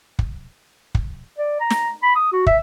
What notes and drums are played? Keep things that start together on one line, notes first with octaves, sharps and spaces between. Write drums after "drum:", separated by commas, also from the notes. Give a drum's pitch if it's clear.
drum: kick
drum: kick
D5
A#5
drum: snare
B5
D#6
F#4
E5, drum: kick